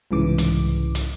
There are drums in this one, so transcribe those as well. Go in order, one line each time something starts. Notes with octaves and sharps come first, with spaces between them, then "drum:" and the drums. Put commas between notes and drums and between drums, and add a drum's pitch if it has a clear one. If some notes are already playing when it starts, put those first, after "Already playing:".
C2 G#2 C#3 E3 D6
drum: hi-hat
drum: hi-hat